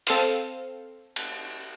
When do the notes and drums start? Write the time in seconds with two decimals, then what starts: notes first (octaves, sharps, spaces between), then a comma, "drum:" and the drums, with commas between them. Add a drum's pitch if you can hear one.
0.07 C4 A4 C5 F5, drum: open hi-hat
1.16 drum: cymbal